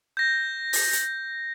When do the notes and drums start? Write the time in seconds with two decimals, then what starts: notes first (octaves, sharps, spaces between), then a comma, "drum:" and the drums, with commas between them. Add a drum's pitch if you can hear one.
0.17 G6 A#6
0.73 drum: open hi-hat
0.93 drum: hi-hat